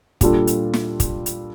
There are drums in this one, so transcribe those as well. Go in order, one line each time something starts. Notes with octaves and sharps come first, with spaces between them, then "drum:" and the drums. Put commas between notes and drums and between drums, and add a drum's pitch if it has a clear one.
A#2 G3 D4 F4 A4, drum: kick, hi-hat
drum: hi-hat
drum: snare
drum: kick, hi-hat
drum: hi-hat